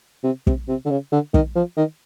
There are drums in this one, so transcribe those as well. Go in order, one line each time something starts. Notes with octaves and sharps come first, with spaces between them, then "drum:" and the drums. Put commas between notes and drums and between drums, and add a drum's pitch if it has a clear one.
C3
C3, drum: kick
C3
D3
C#3
D3
D#3, drum: kick
F3
D#3